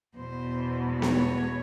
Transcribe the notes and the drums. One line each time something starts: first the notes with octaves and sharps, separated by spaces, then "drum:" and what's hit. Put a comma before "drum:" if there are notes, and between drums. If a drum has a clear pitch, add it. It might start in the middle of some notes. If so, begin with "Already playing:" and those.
E2 B2 G#3 B3 C5
C#5, drum: snare B3